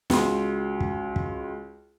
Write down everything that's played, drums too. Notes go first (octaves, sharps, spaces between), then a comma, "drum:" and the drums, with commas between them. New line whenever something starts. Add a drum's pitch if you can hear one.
C#2 F#4 C6, drum: snare
drum: kick
drum: kick